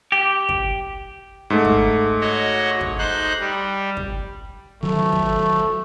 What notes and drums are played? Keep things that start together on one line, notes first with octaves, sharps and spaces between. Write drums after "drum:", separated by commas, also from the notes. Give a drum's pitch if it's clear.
G4
drum: kick
G#2 A3
drum: kick
F#4 C#5 D#5
drum: kick
D#4 C5 F#6
G3
drum: kick
D#3 F#3 A3
drum: kick